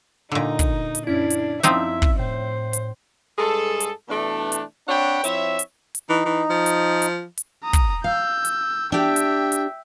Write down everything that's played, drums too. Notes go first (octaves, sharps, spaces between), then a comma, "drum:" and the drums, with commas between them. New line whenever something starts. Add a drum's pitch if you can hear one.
A#2 D3 D#4 A#5
drum: kick, hi-hat
drum: hi-hat
F#2 C#4 D4 E4
drum: hi-hat
F3 C4 D#4 E5, drum: hi-hat
drum: kick
A2 C5
drum: hi-hat
G2 G#3 G#4 A4
drum: hi-hat
B2 E3 A3 D4
drum: hi-hat
C4 D4 C#5 F#5 G5 B5
F3 C4 E4 C#5 E5, drum: hi-hat
drum: hi-hat
drum: hi-hat
E3 D#4
E3
F3
drum: hi-hat
drum: hi-hat
drum: hi-hat
A#5 D#6
drum: kick, hi-hat
F5 E6 G6
drum: hi-hat
D4 G4 E5 G5
drum: hi-hat
drum: hi-hat